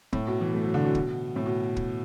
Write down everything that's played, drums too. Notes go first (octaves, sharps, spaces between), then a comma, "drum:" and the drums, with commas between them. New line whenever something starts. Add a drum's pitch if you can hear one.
A2, drum: kick
B2
E3
A3
F#3
D3
B2
drum: kick
A2
B2
drum: kick